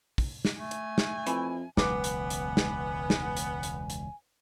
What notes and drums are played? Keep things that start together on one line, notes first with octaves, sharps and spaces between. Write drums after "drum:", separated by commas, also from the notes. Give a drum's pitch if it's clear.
drum: kick, open hi-hat
drum: snare
A3 G#5
drum: hi-hat
drum: snare
F2 E3, drum: hi-hat
E1 C#2 F#3 B3 B4 G#5 D6, drum: snare
drum: hi-hat
drum: hi-hat
drum: snare
drum: snare
drum: hi-hat
drum: hi-hat
drum: hi-hat